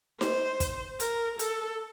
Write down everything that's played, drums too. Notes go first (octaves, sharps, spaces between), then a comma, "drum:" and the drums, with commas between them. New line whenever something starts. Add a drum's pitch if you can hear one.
C5, drum: snare D#4
drum: kick, hi-hat
A#4, drum: hi-hat
A4, drum: hi-hat